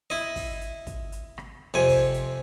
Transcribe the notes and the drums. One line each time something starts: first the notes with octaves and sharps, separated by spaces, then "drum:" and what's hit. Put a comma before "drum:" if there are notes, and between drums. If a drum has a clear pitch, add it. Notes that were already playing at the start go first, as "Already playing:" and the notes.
E4 D#5
drum: kick, open hi-hat
drum: hi-hat
drum: kick, hi-hat
drum: hi-hat
drum: rim click
F2 C3 G#5
drum: kick, open hi-hat
drum: hi-hat